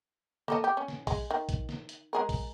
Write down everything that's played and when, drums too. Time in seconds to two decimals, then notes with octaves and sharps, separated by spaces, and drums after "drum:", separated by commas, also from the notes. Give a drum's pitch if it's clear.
0.48 A#3 A4 D#5, drum: snare
0.64 G4
0.77 C#4
0.88 drum: snare
1.07 G#3, drum: kick A#1, open hi-hat
1.31 D#3
1.49 drum: kick A#1, hi-hat
1.69 drum: snare
1.89 drum: hi-hat
2.13 G#3 G#4 A#4
2.29 drum: kick A#1, open hi-hat